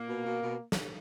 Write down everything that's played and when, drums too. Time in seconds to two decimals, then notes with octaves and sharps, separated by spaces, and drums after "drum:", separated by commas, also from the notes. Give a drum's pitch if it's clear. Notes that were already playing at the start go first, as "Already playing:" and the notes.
Already playing: A#2 A#3
0.09 B2
0.26 B2
0.43 B2
0.72 drum: snare